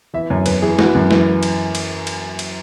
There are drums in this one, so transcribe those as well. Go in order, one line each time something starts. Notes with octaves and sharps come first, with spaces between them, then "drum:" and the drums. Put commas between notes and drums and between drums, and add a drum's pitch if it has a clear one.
E3 E5
F#2 C#5
E2 B4, drum: cymbal
E3 G#4
E3 F#4, drum: snare
F#2
E3, drum: snare
drum: cymbal
drum: cymbal
drum: cymbal
drum: cymbal